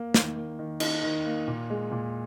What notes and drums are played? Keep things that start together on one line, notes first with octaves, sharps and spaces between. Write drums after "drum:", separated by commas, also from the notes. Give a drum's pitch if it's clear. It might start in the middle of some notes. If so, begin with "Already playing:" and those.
Already playing: A#3
D#3, drum: snare
A#3
D#3
D#4, drum: cymbal
D#3
A#3
A#2
G#3
A#2